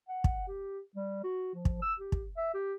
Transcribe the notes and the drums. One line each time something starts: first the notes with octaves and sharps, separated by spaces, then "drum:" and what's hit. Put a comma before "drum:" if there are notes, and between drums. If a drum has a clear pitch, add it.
F#5
drum: kick
G4
G3
F#4
F3
drum: kick
E6
G4
drum: kick
E5
G4